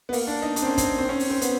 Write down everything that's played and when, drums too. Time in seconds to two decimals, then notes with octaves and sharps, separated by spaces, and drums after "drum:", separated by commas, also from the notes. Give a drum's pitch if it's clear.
0.09 B3
0.13 A#3, drum: open hi-hat
0.27 D4
0.42 D#4
0.56 D4, drum: hi-hat
0.62 C4
0.66 C#4
0.78 C4, drum: kick, hi-hat
0.98 C4
1.09 C#4
1.20 drum: open hi-hat
1.30 C4
1.41 B3, drum: hi-hat